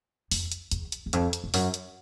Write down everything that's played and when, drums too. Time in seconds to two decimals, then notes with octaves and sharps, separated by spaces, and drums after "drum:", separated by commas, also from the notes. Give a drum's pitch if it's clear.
0.31 F2, drum: open hi-hat
0.52 drum: hi-hat
0.71 E2, drum: hi-hat
0.92 drum: hi-hat
1.06 E2
1.13 F2, drum: hi-hat
1.33 drum: hi-hat
1.44 F2
1.54 F#2, drum: open hi-hat
1.74 drum: hi-hat